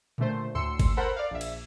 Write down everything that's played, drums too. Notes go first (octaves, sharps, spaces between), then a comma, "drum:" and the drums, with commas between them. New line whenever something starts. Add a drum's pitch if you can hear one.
A#2 D3 A3 C5, drum: tom A#2
D2 A2 C6 E6 C#7
drum: kick G1, cymbal
A4 A#4 C5 F#5 B5
D5 F5
A#1 E5
drum: cymbal